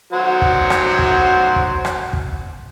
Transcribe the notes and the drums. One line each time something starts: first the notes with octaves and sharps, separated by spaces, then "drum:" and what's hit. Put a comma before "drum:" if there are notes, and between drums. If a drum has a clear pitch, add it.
F#3 C5 F#5
drum: kick
drum: rim click
drum: kick
drum: kick
drum: rim click
drum: kick